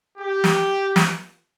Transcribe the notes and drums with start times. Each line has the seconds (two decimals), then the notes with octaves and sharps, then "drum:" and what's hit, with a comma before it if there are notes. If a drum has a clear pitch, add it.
0.18 G4
0.44 drum: snare
0.96 drum: snare